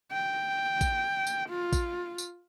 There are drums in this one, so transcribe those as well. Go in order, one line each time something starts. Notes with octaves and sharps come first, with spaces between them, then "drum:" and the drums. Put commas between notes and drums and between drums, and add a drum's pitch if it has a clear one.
G5
drum: kick A1, tambourine
drum: tambourine
F4
drum: kick A1, tambourine
drum: tambourine